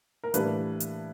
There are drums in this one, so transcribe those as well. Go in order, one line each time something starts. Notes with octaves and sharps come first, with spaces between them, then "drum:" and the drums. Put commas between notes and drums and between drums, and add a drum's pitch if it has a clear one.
A#4
A2 E3 G3 A#3 D4 B4, drum: hi-hat
drum: hi-hat